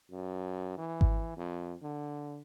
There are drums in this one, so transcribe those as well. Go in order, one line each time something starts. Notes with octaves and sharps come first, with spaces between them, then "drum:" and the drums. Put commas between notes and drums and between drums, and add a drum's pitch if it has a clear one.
F#2
E3
drum: kick G#1
F2
D3